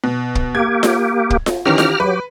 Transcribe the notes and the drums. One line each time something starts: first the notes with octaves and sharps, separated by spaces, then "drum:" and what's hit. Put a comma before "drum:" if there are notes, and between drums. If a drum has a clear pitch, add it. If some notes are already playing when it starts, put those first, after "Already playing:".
B2
drum: kick
A#3 G4 G#6
drum: snare F4
drum: kick
drum: snare F4
D#3 E3 C#4 G4 A#5 F6
drum: snare F4
F#3 G4 B4